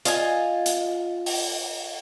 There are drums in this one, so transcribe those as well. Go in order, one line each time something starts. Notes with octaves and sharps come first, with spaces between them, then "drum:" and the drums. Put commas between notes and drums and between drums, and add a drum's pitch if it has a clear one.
F4 D#5 G#5, drum: hi-hat
drum: hi-hat
drum: open hi-hat